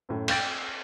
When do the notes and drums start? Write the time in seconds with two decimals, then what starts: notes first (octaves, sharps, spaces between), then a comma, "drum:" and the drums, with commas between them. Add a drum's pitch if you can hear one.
0.09 F#2 A2
0.28 G5 G6 A6 D7, drum: cymbal